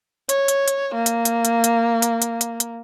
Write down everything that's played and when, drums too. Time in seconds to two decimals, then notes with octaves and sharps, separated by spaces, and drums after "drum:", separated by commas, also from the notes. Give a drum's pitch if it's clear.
0.29 C#5, drum: hi-hat
0.48 drum: hi-hat
0.68 drum: hi-hat
0.95 A#3
1.06 drum: hi-hat
1.25 drum: hi-hat
1.45 drum: hi-hat
1.64 drum: hi-hat
2.02 drum: hi-hat
2.22 drum: hi-hat
2.41 drum: hi-hat
2.60 drum: hi-hat